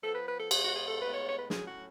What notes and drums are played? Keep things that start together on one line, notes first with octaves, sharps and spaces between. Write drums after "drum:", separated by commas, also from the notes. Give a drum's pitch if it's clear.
F3 B3 A4
B4
B4
A4
B2 G#3 B3 G#4, drum: cymbal
F#4
G#4
A4
A2 G#3 B3 B4
C#5
C#5
B4
A2 F#3 C#4 G#4, drum: snare
F#4